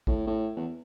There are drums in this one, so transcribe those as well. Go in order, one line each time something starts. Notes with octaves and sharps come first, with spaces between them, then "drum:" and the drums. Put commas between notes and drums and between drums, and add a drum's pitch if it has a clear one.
A2, drum: kick A1
A2
E2